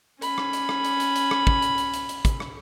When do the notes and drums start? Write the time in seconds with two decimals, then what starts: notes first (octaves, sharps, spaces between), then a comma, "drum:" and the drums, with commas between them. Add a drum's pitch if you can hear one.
0.22 C#4 B5, drum: hi-hat
0.38 drum: rim click
0.53 drum: hi-hat
0.69 drum: rim click
0.84 drum: hi-hat
1.00 drum: hi-hat
1.16 drum: hi-hat
1.31 drum: rim click
1.47 drum: kick
1.62 drum: hi-hat
1.78 drum: hi-hat
1.94 drum: hi-hat
2.09 drum: hi-hat
2.25 drum: kick, hi-hat
2.40 drum: rim click